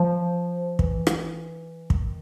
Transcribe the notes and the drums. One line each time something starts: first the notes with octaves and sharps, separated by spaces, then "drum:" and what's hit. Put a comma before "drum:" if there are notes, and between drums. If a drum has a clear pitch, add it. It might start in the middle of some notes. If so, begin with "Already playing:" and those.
Already playing: F3
E3, drum: kick
drum: rim click
D#3, drum: kick